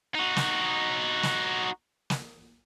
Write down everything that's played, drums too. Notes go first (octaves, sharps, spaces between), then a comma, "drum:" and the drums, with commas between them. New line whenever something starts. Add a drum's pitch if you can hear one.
D#4 F#4
drum: snare
drum: snare
drum: snare